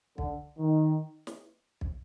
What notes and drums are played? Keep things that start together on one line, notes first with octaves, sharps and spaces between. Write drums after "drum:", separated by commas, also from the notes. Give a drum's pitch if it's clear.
D3, drum: kick
D#3
drum: snare
drum: kick